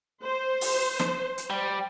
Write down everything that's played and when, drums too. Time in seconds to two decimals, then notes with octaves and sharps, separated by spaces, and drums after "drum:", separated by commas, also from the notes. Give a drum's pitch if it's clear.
0.23 C5
0.61 drum: open hi-hat
0.99 drum: snare
1.38 drum: hi-hat
1.50 G3